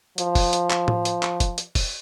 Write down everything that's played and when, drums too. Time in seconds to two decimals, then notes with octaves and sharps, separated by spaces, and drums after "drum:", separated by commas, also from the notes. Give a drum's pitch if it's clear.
0.18 F3, drum: hi-hat
0.35 drum: kick, open hi-hat
0.53 drum: hi-hat
0.70 drum: clap
0.88 drum: tom A2
1.05 drum: hi-hat
1.23 drum: clap
1.40 drum: kick, hi-hat
1.58 drum: hi-hat
1.75 drum: kick, open hi-hat